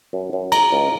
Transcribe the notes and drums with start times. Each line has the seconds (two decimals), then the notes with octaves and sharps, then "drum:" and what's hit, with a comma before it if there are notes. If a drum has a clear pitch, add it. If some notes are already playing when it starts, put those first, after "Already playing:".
0.13 F#2
0.33 F#2
0.52 G#3 A#5, drum: cymbal
0.72 C#2